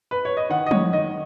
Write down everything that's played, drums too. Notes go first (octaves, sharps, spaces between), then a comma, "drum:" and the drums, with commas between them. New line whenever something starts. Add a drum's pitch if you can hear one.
B4
C#5
D#5
D#3 F#5
D#5
D#3 C#5, drum: tom F3
D#3 D#5